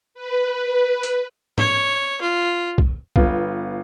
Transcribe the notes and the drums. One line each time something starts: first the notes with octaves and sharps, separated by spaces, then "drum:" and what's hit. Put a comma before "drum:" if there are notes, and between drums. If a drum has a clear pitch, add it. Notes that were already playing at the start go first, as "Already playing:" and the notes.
B4
drum: hi-hat
C#5, drum: tom
F4
drum: kick B1
G1 B3 F4, drum: kick B1